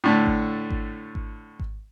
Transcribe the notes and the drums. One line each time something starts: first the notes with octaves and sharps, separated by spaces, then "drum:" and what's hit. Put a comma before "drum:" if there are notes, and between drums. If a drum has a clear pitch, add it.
A2 D3 A3
drum: kick G#1
drum: kick G#1
drum: kick G#1
drum: kick G#1